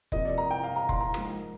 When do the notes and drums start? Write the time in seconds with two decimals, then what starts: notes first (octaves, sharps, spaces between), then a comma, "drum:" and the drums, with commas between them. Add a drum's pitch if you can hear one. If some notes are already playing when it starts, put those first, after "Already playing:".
0.12 C3 F3 A#3 D#5, drum: kick F1
0.25 D5
0.38 A#5
0.51 G5
0.64 F5
0.76 A#5
0.89 C6, drum: kick F1
1.00 A#5
1.14 G#2 F3 A#3, drum: rim click